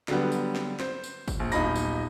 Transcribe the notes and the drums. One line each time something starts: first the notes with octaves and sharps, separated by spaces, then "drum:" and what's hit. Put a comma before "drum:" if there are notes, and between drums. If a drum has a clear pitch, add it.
D3 F#3 G3 B3, drum: snare
drum: tambourine
drum: snare
C5, drum: snare
drum: tambourine
drum: kick G1, tambourine
A#1
D#1 B1 D#4 B5 A#6, drum: tambourine
drum: tambourine